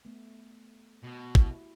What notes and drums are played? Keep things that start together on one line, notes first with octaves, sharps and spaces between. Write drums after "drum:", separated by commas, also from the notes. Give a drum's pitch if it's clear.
A3 B3
B2
E4 F#4 G4, drum: kick